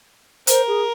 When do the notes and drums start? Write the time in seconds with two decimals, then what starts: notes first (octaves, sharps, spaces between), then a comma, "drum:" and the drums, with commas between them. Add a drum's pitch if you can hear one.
0.47 A#4 C5, drum: hi-hat
0.67 G#4